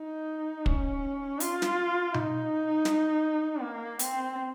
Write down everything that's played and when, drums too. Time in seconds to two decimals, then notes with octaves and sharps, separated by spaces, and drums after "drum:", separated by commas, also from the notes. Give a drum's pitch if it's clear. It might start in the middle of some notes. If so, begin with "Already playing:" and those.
Already playing: D#4
0.66 C#4, drum: kick
1.40 F4, drum: hi-hat
1.62 drum: snare
2.14 D#4, drum: tom B2
2.85 drum: snare
3.62 A#3
3.99 C4, drum: hi-hat